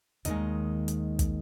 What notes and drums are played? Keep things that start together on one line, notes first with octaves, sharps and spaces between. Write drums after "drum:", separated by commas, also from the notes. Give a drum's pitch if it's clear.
D#2 D#3 G#3 D#5, drum: hi-hat
drum: hi-hat
drum: kick, hi-hat